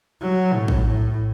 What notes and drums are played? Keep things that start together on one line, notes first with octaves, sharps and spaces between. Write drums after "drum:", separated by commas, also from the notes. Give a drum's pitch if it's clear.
F#3
A2
drum: kick
A2